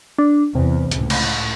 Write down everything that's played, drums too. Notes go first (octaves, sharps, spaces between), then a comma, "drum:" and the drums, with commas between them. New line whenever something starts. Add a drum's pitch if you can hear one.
D4
E2 C3
C#2 A2, drum: hi-hat
drum: cymbal